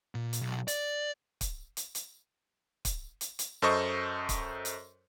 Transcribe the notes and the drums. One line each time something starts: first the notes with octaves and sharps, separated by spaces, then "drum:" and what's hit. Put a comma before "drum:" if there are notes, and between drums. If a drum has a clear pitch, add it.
A#2
drum: hi-hat
B1
D5, drum: hi-hat
drum: kick, hi-hat
drum: hi-hat
drum: hi-hat
drum: kick, hi-hat
drum: hi-hat
drum: hi-hat
F#2 A4 C5 D#5 C#6
drum: kick, hi-hat
drum: hi-hat